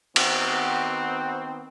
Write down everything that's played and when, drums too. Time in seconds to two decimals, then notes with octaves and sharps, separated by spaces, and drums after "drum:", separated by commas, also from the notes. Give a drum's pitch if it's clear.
0.16 D#3 B3 C4 F#4, drum: cymbal